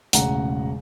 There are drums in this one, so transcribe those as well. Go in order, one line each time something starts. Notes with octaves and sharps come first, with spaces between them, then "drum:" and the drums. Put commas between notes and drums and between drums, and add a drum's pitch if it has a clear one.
E1 A1 C#3 F#5 A#5, drum: hi-hat